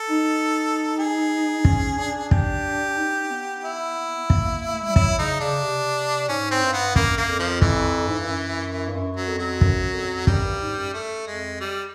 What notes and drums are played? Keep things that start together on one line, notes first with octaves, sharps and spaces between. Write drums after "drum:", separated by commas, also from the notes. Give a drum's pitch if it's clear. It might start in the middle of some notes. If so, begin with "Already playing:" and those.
Already playing: A4
D#4
G#4
C#4, drum: kick
D4
G4, drum: kick
D#4
B3
E4
A#3, drum: kick
A3
A#3
A#3
A3
G#3
G3
F#3 E4, drum: kick
C#3 D#4
C#3 D4
C3
G#2 C#4
C4
G2
B3
F#2 A#3, drum: kick
A#3
F2
F3
E3, drum: kick
G#2
G2
F#2
G2
F#2
F#3
F2
F#3
F#2, drum: kick
F2
F#2 G3, drum: kick
G2
G#2
F#2
A3
F2 G#3
G3